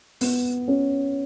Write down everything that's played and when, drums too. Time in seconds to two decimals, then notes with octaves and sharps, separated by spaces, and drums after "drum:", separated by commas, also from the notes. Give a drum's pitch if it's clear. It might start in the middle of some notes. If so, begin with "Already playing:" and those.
0.21 B3, drum: open hi-hat
0.68 C#4